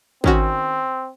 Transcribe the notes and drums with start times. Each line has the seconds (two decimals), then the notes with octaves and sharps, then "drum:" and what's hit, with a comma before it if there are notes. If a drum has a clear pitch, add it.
0.24 D#3 C4 C#4 F#4, drum: kick